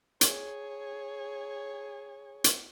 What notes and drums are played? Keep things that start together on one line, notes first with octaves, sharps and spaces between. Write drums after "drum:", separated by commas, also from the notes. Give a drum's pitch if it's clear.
G#4 C#5, drum: hi-hat
drum: hi-hat